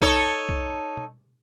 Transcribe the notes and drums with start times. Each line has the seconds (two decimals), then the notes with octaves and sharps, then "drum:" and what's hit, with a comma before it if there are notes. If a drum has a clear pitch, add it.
0.02 D#4 A4 C#5, drum: kick B1
0.49 drum: kick B1
0.97 drum: tom B2